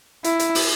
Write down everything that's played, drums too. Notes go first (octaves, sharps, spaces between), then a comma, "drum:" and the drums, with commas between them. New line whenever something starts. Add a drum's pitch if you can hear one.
E4, drum: hi-hat
drum: hi-hat
drum: open hi-hat